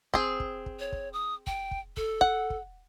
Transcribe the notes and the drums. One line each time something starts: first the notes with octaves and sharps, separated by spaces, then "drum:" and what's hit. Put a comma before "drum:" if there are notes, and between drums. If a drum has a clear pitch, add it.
C4 G#4, drum: kick
drum: kick
drum: kick
C#5
drum: kick
D#6
G5, drum: kick
drum: kick
A4, drum: kick
F#5, drum: kick
drum: kick